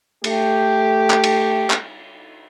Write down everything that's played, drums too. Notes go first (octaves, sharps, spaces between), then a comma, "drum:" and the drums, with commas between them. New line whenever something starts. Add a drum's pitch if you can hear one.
A3 G4, drum: cymbal
drum: clap
drum: cymbal
drum: clap